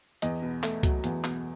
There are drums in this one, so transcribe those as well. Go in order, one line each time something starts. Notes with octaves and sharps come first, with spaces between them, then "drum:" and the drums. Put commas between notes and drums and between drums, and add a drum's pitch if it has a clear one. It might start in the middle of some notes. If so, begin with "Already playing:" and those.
E2 D#5, drum: hi-hat
B2
A3, drum: clap
F#3, drum: kick C2, hi-hat
E2, drum: hi-hat
B2, drum: clap